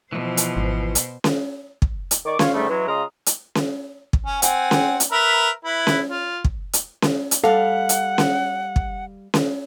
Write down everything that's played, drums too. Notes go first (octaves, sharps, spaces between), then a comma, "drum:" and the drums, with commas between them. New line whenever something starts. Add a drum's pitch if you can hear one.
B2 E3 F3 C5
drum: hi-hat
G#1
drum: hi-hat
drum: snare C#4
drum: kick
drum: hi-hat
D#3 D#4 D5 C#6 D6
F4 C#5, drum: snare C#4
G#2 D3 D#3 G3 A3
E3 F#3 G#3
C#3 G#3 F4 A#5 C6 D#6
drum: hi-hat
drum: snare C#4
drum: kick
C#4
C4 F#5 G#5, drum: hi-hat
drum: snare C#4
drum: hi-hat
A#4 B4 E5
E4 B4
drum: snare C#4
F4
drum: kick
drum: hi-hat
drum: snare C#4
drum: hi-hat
G3 A4 F5 F#5
drum: hi-hat
drum: snare C#4
drum: kick
drum: snare C#4